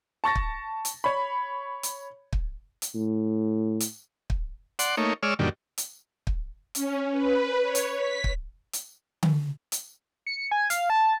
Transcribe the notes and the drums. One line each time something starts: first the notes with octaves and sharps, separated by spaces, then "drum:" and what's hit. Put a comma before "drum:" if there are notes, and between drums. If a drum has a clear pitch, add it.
A5 C#6 A6 A#6
drum: kick
drum: hi-hat
C#5 B5
drum: hi-hat
drum: kick
drum: hi-hat
A2
drum: hi-hat
drum: kick
D5 F#5 C6, drum: hi-hat
A3 A#3 D#4 C#5
G#3 C#5 D5 E6 F6
F#2 A#2 D3 D#3 G3
drum: hi-hat
drum: kick
C#4, drum: hi-hat
B4
C#5
drum: hi-hat
B6
drum: kick
drum: hi-hat
drum: tom D3
drum: hi-hat
C#7
G#5
F5, drum: hi-hat
A5